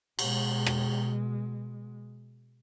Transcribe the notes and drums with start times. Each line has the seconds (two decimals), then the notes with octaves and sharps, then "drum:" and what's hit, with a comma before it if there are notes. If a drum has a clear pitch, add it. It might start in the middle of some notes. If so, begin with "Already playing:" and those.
0.19 B2 G#3, drum: cymbal
0.66 drum: rim click